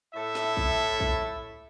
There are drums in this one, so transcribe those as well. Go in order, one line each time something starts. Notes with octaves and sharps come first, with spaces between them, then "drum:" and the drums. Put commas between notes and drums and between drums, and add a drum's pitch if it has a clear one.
A2 E4 A4 E5
drum: snare
drum: kick A#1
drum: kick A#1